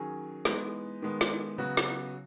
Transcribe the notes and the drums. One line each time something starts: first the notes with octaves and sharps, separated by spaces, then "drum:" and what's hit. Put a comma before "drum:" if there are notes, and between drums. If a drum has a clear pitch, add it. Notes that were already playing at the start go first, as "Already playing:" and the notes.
Already playing: D#3 F#3 C#4 G#4
E3 G#3 B3 D#4, drum: snare
D#3 G#3 B3
drum: snare
C#3 F#3 B3 F#4
drum: snare